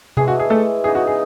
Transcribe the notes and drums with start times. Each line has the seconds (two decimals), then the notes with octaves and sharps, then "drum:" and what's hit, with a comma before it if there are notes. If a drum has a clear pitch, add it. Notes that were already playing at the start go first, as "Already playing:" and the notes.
0.17 A2 E3 G#3 G#4, drum: tom C3
0.28 F#4
0.39 G#4
0.50 A3 A4
0.84 C#3 E3 B3 D#4 G#4
0.95 F#4
1.07 G#4